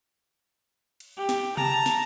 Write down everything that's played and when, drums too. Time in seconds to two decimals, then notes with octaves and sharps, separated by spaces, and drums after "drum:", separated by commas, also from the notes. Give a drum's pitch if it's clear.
1.00 drum: cymbal
1.17 G4
1.29 drum: snare
1.57 A5 A#5, drum: tom C3
1.86 drum: snare